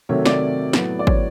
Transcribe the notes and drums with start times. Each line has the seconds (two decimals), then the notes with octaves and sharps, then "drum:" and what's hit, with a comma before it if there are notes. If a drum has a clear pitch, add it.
0.09 C3 D#3 F#3 A3 C#5
0.26 D5, drum: snare
0.73 A2 F#3 B3, drum: snare
0.99 D5
1.07 C#5, drum: kick